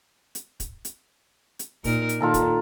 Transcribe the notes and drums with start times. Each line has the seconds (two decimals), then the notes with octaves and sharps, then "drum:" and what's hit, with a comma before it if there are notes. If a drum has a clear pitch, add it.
0.35 drum: hi-hat
0.60 drum: kick, hi-hat
0.85 drum: hi-hat
1.59 drum: hi-hat
1.84 A#2 D#4 A#4, drum: kick, open hi-hat
2.09 drum: hi-hat
2.20 A#2 D#3 F4 A4 A#5
2.34 drum: kick, hi-hat